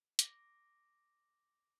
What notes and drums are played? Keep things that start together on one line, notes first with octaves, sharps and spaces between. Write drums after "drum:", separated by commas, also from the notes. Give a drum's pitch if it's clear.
D6 A#6, drum: hi-hat